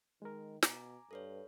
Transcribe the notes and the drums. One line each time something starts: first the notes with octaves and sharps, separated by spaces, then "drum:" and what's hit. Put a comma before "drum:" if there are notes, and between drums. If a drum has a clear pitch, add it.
D#3 G#3 A#4
B2 G#5 A#5 D6, drum: snare
G2 A4 B4 C#5